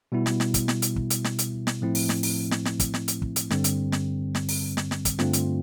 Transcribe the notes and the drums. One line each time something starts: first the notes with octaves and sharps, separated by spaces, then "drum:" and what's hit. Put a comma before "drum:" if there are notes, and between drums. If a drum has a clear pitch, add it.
B2 G3 B3 E4
drum: snare
drum: snare
drum: kick, hi-hat
drum: snare
drum: hi-hat
drum: kick
drum: hi-hat
drum: snare
drum: hi-hat
drum: snare
A2 F3 A3 C4 E4
drum: open hi-hat
drum: snare
drum: open hi-hat
drum: snare
drum: snare
drum: kick, hi-hat
drum: snare
drum: hi-hat
drum: kick
drum: hi-hat
G2 D3 G3 C4, drum: snare
drum: hi-hat
drum: snare
drum: snare
drum: open hi-hat
drum: snare
drum: snare
drum: kick, hi-hat
G2 D3 A3 C4 F4, drum: snare
drum: hi-hat